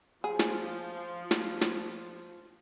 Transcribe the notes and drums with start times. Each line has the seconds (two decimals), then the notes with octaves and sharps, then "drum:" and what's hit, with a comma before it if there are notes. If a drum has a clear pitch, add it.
0.24 F3 G#4
0.39 drum: snare
1.31 drum: snare
1.61 drum: snare